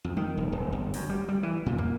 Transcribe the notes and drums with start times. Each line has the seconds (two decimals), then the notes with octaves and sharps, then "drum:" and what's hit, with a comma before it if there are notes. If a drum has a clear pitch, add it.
0.04 F2
0.17 D#3, drum: tom
0.37 D#1
0.52 D1
0.72 G1
0.94 F#2, drum: open hi-hat
1.09 G3
1.28 G3
1.43 E3
1.66 A#2
1.79 A#3, drum: tom